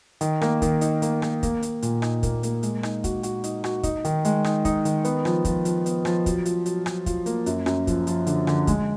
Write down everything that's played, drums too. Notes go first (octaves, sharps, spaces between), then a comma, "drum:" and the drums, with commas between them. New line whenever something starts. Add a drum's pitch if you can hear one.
D#3, drum: hi-hat
A#3, drum: rim click
D#3, drum: kick, hi-hat
D#4, drum: hi-hat
A#3, drum: hi-hat
A#3, drum: rim click
A#3, drum: kick, hi-hat
A#3, drum: hi-hat
A#2, drum: hi-hat
D#4, drum: rim click
A#3, drum: kick, hi-hat
A#3, drum: hi-hat
G#3, drum: hi-hat
D#4, drum: rim click
F#4, drum: kick, hi-hat
F#4, drum: hi-hat
D#4, drum: hi-hat
F#4, drum: rim click
D#4, drum: kick, hi-hat
D#3, drum: hi-hat
G#3, drum: hi-hat
D#4, drum: rim click
D#4, drum: kick, hi-hat
D#3, drum: hi-hat
B3, drum: hi-hat
F3, drum: rim click
F3, drum: kick, hi-hat
F3, drum: hi-hat
B3, drum: hi-hat
F3, drum: rim click
F#3, drum: kick, hi-hat
F4, drum: hi-hat
F#3, drum: hi-hat
F#3, drum: rim click
F4, drum: kick, hi-hat
A#3, drum: hi-hat
F#2, drum: hi-hat
F#2, drum: rim click
F3, drum: kick, hi-hat
F3, drum: hi-hat
D3, drum: hi-hat
D3, drum: rim click
G#3, drum: kick, hi-hat